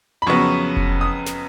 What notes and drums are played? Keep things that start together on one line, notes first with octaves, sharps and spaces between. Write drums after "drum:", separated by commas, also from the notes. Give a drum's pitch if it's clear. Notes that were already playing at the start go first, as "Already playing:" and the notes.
B5
F2 C#3 F#3 B3 C#6
drum: kick F1
D#6
drum: snare